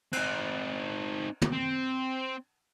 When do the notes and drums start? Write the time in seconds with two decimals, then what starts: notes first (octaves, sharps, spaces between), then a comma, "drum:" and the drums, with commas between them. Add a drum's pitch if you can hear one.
0.13 C4 D#4, drum: cymbal
1.42 drum: tom
1.53 C4